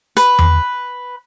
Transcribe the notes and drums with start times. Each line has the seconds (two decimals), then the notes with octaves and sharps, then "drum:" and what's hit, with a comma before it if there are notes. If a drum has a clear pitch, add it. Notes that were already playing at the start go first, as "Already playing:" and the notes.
0.17 B4, drum: hi-hat
0.39 drum: tom E2